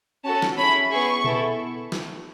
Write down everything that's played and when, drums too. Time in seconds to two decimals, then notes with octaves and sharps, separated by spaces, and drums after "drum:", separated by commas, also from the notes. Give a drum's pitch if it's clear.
0.24 C#4 F#4 A4 A5
0.42 drum: snare
0.57 C#4 E4 G#4 B5
0.91 B3 E4 G#4 C#6
1.24 B3 E4 A4, drum: tom A#2
1.92 drum: snare